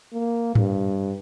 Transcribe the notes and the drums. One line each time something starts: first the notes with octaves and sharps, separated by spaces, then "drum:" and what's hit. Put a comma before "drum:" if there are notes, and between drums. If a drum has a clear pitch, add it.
A#3
G2, drum: tom G#2